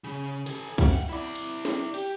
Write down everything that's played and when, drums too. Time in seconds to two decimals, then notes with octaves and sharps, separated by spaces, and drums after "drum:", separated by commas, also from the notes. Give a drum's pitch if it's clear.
0.04 C#3
0.46 A4 G#5, drum: cymbal
0.78 F5 F#5, drum: kick, cymbal
1.09 E4 D5
1.35 drum: cymbal
1.65 drum: snare
1.94 G4, drum: cymbal